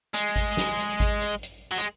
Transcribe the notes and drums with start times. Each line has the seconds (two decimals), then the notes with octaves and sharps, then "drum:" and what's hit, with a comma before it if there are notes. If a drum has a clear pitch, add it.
0.14 G#3, drum: hi-hat
0.36 drum: kick G#1, hi-hat
0.57 drum: snare
0.79 drum: hi-hat
1.00 drum: kick G#1, hi-hat
1.22 drum: hi-hat
1.43 drum: hi-hat
1.71 F#3
1.78 G#3